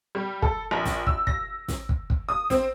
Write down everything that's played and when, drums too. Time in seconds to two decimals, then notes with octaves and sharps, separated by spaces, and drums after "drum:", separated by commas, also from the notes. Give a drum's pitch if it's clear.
0.15 G3
0.42 A4, drum: kick
0.71 A#1
0.85 drum: snare
1.07 E6, drum: kick
1.27 A#6, drum: kick
1.68 drum: snare
1.89 drum: kick
2.10 drum: kick
2.29 D#6
2.50 C4, drum: snare